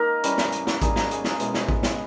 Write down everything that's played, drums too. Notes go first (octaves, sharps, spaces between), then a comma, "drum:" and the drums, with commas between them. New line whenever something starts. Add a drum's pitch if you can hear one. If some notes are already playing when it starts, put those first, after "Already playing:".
Already playing: A#3 D#4 A#4 D#5
E3 G3 C#4, drum: hi-hat
drum: snare
drum: hi-hat
drum: snare
G3 A#3 D#4 G#4, drum: kick A1, hi-hat
drum: snare
G#4, drum: hi-hat
G#4, drum: snare
B2 G#3 B3 E4, drum: hi-hat
drum: snare
drum: kick A1
drum: snare